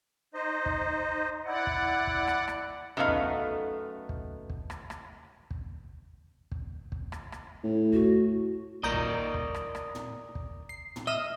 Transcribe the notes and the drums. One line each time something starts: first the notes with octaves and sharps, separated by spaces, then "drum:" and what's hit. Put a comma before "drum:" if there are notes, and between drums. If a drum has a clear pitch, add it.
D#4 C5 D#5
drum: kick
E4 D5 F#5
drum: kick
drum: kick
drum: rim click
drum: rim click
F#2 A3 B3 D#4 F5
drum: kick
drum: kick
drum: kick
drum: rim click
drum: rim click
drum: kick
drum: kick
drum: kick
drum: rim click
drum: rim click
A2
F#4, drum: kick
A#1 A#4 D5 D#5 A#5 G6
drum: kick
drum: kick
drum: rim click
drum: rim click
drum: tom
drum: kick
C7
drum: tom
D#5 E5 D#6 F6